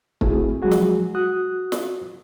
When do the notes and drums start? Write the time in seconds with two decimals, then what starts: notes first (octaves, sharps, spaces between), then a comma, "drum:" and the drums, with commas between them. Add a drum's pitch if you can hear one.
0.21 A3 C4 E4 F#4 G#4, drum: kick
0.62 F3 F#3 G#3 F#4 G#4
0.71 drum: snare
1.15 F#4 D#6 F#6
1.72 drum: snare